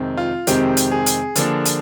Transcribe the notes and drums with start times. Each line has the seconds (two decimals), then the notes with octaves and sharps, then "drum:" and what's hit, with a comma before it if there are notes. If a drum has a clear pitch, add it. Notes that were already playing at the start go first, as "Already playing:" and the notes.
Already playing: F2 C3 D#3 G#3 C4
0.17 F4
0.47 F2 C3 D#3 G#3 C4 G4, drum: hi-hat
0.77 drum: hi-hat
0.91 G#4
1.06 drum: hi-hat
1.36 D3 F3 A#3 D4, drum: hi-hat
1.66 drum: hi-hat